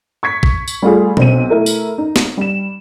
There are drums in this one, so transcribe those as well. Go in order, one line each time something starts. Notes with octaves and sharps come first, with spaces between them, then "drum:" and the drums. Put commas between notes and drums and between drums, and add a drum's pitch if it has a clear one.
C#6 G#6 B6
drum: kick
drum: tambourine
G3 A3 F4 G#4
B1 C4 D#7, drum: tom B2
A3 E4 A#4
drum: tambourine
D#4
drum: snare
G3 E7